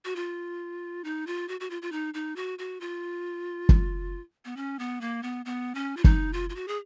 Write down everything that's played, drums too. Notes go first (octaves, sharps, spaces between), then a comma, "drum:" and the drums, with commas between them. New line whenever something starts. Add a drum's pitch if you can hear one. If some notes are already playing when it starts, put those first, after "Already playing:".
F#4
F4
D#4
F4
F#4
F#4
F4
F4
D#4
D#4
F#4
F#4
F4
drum: kick F#1
B3
C#4
B3
A#3
B3
B3
C#4
F4
D#4, drum: kick F#1
F4
F4
F#4
G#4